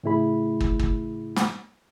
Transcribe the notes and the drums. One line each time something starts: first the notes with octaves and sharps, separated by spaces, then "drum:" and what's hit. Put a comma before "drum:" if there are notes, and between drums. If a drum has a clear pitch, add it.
A2 C#3 A3 E4 G#4 B5
drum: kick
drum: kick
drum: snare